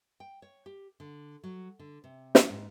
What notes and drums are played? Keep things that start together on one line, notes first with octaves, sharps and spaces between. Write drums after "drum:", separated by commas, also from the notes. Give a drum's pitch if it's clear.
G5
C#5
G4
D3
F#3
D3
C3
drum: snare
G#2